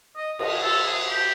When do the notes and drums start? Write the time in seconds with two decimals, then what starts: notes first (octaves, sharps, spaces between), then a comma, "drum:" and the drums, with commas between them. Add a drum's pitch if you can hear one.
0.16 D#5
0.39 D#5, drum: cymbal
0.62 A4
0.85 G#4
1.08 G4